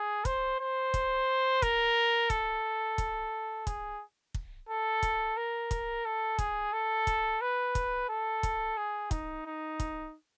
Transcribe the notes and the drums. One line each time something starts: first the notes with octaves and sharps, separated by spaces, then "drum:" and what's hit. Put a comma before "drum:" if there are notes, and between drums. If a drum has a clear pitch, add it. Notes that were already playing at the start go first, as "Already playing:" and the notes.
Already playing: G#4
C5, drum: kick, hi-hat
C5
drum: kick, hi-hat
A#4, drum: kick, hi-hat
A4, drum: kick, hi-hat
drum: kick, hi-hat
G#4, drum: kick, hi-hat
drum: kick
A4
drum: kick, hi-hat
A#4
drum: kick, hi-hat
A4
G#4, drum: kick, hi-hat
A4
drum: kick, hi-hat
B4
drum: kick, hi-hat
A4
drum: kick, hi-hat
G#4
D#4, drum: kick, hi-hat
D#4
drum: kick, hi-hat